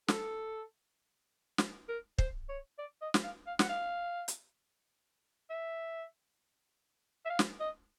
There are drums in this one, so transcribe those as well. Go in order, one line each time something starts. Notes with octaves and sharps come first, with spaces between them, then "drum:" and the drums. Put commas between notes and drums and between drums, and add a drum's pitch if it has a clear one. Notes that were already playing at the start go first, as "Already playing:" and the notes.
A4, drum: snare
drum: snare
A#4
C5, drum: kick
C#5
D5
D#5
drum: snare
F5
F5
F#5, drum: snare
F5
drum: hi-hat
E5
E5
F5
drum: snare
D#5